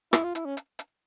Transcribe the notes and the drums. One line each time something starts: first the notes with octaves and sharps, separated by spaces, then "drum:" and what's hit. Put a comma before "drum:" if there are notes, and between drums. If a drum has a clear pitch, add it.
E4, drum: rim click
F4
E4, drum: hi-hat
C#4
drum: hi-hat
drum: hi-hat